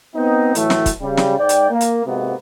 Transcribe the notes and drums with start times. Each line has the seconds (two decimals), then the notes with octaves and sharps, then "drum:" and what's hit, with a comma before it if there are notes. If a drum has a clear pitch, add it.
0.15 B3 C4 D#4
0.55 A2 E3 F#3 A3, drum: hi-hat
0.70 drum: snare
0.86 drum: kick, hi-hat
1.02 C#3 G3
1.17 drum: snare
1.37 G#2 D5 G5
1.49 drum: hi-hat
1.70 A#3
1.81 drum: hi-hat
2.05 G#2 C3 G#3 A#3 B3 F#4